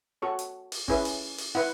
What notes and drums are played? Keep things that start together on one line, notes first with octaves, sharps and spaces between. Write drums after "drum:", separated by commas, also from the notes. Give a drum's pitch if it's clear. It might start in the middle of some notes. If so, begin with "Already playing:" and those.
F#4 A4 C#5 C#6
drum: hi-hat
drum: open hi-hat
C#4 E4 G#4 B4, drum: kick G#1
drum: open hi-hat
drum: open hi-hat
E4 B4 F#5